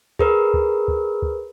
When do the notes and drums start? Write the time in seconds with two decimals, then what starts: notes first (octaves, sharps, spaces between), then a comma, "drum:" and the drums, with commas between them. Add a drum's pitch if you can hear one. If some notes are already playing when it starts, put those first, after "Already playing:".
0.19 G#4 A#4 B4, drum: kick
0.54 drum: kick
0.88 drum: kick
1.22 drum: kick